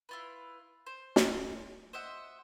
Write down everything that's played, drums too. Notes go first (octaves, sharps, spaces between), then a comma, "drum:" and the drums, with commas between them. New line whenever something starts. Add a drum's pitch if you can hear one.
E4 F4 B4
C5
drum: snare
C5 D#5 E5 F#5